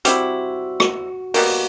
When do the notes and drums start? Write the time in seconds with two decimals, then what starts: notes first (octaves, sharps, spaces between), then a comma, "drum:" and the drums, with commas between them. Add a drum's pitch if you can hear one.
0.05 G3 C4 E4 F#4, drum: hi-hat
0.80 drum: rim click
1.34 B2 G3 A#3 F#4, drum: open hi-hat